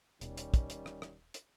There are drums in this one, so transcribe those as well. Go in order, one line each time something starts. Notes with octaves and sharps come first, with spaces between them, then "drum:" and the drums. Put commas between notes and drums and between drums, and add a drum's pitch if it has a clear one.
D#1 B2 D#3 G3 C#4, drum: hi-hat
drum: hi-hat
drum: kick, hi-hat
drum: hi-hat
drum: rim click
drum: rim click
drum: hi-hat